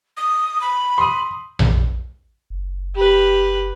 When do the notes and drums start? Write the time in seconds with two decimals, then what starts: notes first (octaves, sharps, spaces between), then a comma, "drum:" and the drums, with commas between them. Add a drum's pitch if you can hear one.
0.17 D#6
0.61 B5
0.98 C6 D#6
1.59 drum: tom A#1
2.50 F#1
2.95 G4 B4